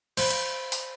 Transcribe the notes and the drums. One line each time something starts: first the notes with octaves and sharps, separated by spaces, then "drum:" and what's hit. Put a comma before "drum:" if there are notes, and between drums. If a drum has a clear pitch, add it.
C5 F5 B5, drum: cymbal
drum: hi-hat
drum: open hi-hat